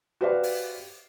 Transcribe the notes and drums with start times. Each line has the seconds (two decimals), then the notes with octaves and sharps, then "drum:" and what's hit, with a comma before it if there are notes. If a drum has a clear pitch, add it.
0.21 F#4 G4 B4 C5 D5 F5
0.43 drum: open hi-hat